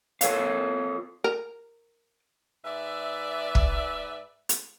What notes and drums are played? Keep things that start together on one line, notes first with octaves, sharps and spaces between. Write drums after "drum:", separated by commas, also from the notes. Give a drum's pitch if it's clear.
F4 A4 C#5 F5, drum: hi-hat
A#4
G#2 B4 D5 E5
drum: kick
drum: hi-hat